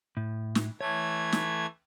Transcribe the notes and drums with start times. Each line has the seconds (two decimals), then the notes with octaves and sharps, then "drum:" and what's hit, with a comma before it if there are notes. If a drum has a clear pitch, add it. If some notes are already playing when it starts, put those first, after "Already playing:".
0.17 A2
0.55 drum: snare
0.81 E3 A3 C#5 G#6
1.32 drum: snare